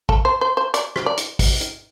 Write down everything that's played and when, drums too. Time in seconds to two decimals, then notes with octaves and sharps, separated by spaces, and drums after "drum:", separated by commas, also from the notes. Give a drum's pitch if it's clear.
0.09 A4, drum: kick
0.25 C5
0.41 C5
0.57 C5
0.74 D5, drum: hi-hat
0.96 drum: rim click
1.06 D5
1.17 drum: hi-hat
1.39 drum: kick, open hi-hat
1.61 drum: hi-hat